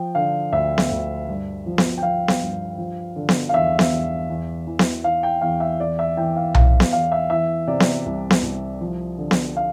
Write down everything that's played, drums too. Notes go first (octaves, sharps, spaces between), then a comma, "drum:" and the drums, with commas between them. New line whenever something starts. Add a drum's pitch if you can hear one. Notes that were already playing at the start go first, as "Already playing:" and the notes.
Already playing: F3 G5
D3 F5
D2 E5
drum: snare B3
D2
G2
F3
drum: snare B3
G5
F3 F5
drum: snare B3
G2
F3
D3
drum: snare B3
F5
E2 E5
drum: snare B3
E2
E2
E3
drum: snare B3
E3 F5
G5
E2 F5
E5
E2 D5
E5
E3 G5
F5
E3 F5, drum: tom B1
drum: snare B3
E2 F5
E5
E3 E5
C3 D5
drum: snare B3
C2
drum: snare B3
C2
F3
D3
drum: snare B3
F5